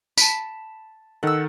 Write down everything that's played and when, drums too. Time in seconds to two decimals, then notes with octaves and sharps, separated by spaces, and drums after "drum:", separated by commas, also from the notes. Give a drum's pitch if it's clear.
0.17 A5 B5, drum: tambourine
1.23 D#3 A4 F#5 E6